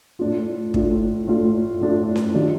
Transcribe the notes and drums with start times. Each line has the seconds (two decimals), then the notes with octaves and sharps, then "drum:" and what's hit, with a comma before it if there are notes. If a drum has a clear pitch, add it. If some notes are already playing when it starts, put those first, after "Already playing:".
0.19 A2 A3 D4 F4
0.74 A2 A3 D4 F4, drum: kick
1.27 A2 A3 D4 F4
1.81 A2 A3 D4 F4
2.16 drum: snare C#4
2.34 D#3 G3 D4 F4